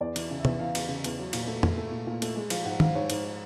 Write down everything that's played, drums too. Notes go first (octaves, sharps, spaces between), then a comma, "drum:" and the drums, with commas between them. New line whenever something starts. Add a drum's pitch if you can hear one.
E2 D5
E3, drum: cymbal
C#3
E5
E2, drum: tom
E2 F5
E2, drum: cymbal
C#3
E2, drum: cymbal
F#3
A#2, drum: cymbal
A3
A3, drum: tom
A3
A#2
A#2
A3, drum: cymbal
G#3
F3 F5, drum: cymbal
G#2 F#5
G#2 F5, drum: tom
G#2 C#5
G#2, drum: cymbal